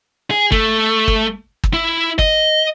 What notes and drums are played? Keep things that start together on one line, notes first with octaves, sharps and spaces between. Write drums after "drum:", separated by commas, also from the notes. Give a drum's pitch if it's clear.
G#4
A3, drum: kick
drum: kick
drum: kick
E4
D#5, drum: kick